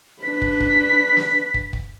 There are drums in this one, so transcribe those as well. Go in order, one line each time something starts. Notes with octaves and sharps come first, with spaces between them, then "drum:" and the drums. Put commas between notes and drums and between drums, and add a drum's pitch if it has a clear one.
D4 B4 B6
drum: kick
drum: kick
drum: snare
drum: kick
drum: kick